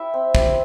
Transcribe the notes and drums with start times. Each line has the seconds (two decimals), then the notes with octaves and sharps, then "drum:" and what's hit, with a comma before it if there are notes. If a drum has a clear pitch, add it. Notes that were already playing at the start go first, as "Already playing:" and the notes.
Already playing: E4 G4 E5
0.14 C4
0.35 G4, drum: kick